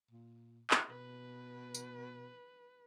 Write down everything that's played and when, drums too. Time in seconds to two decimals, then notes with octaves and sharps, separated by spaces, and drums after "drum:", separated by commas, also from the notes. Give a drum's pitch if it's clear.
0.11 A#2
0.71 drum: clap
0.89 B2 B4
1.74 drum: tambourine